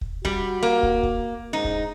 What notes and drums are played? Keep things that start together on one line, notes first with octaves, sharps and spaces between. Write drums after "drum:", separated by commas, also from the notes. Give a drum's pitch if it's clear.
drum: kick
G3 F#4, drum: kick
A#3
drum: kick
drum: kick
G#2 D#4
drum: kick